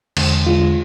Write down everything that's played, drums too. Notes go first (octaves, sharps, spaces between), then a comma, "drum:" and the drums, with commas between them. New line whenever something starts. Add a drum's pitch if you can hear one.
E2 D3 G#3, drum: cymbal
E2 D3 G#3 F4